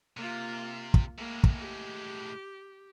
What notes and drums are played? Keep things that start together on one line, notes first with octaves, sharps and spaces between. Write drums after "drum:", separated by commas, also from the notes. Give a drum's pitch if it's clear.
C3 A#3 F4
drum: kick
A2 G#3 A#3
drum: kick
G4